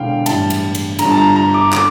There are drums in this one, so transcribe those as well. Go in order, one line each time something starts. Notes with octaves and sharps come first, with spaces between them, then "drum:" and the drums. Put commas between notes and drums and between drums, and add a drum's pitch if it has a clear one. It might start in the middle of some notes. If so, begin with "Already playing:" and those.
Already playing: E1 E2 D3 F5 G5
A1 G2 E3 A5, drum: cymbal
drum: cymbal
drum: cymbal
G1 G2 D3 A#5, drum: cymbal
A5
A#5
A#5
D6
D3 D6, drum: clap